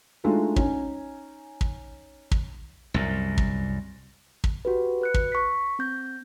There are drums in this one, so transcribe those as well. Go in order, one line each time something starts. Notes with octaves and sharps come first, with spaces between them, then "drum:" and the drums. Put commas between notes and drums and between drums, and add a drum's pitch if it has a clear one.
G#3 A3 D4 D#4 F4 F#4
C#4 D#4 G#5, drum: kick
drum: kick
drum: kick
C2 F#2
drum: kick
drum: kick
F#4 G4 B4
B4 F#6 C#7
drum: kick
C#6 B6
C4 G6 A#6